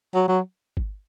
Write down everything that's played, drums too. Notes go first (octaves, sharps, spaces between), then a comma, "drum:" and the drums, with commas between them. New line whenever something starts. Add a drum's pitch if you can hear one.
F#3
F#3
drum: kick G1